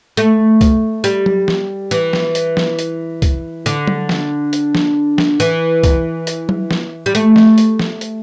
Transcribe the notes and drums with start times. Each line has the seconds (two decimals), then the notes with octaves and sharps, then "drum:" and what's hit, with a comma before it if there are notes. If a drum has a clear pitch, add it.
0.17 A3, drum: hi-hat
0.61 drum: kick, hi-hat
1.04 G3, drum: hi-hat
1.26 drum: tom F#3
1.48 drum: snare
1.91 E3, drum: hi-hat
2.13 drum: snare
2.35 drum: hi-hat
2.57 drum: snare
2.79 drum: hi-hat
3.22 drum: kick, hi-hat
3.66 D3, drum: hi-hat
3.87 drum: tom F#3
4.09 drum: snare
4.53 drum: hi-hat
4.75 drum: snare
5.18 drum: snare
5.40 E3, drum: hi-hat
5.83 drum: kick, hi-hat
6.27 drum: hi-hat
6.49 drum: tom F#3
6.71 drum: snare
7.06 G3
7.15 A3, drum: hi-hat
7.36 drum: snare
7.58 drum: hi-hat
7.79 drum: snare
8.01 drum: hi-hat